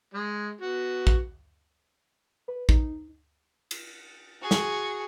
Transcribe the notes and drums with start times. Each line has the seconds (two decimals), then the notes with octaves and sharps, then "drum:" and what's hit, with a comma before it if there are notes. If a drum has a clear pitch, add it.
0.14 G#3
0.61 B3 F#4
1.07 drum: kick
2.48 B4
2.69 D#4, drum: kick
3.71 drum: cymbal
4.42 F#4 G#4
4.51 drum: snare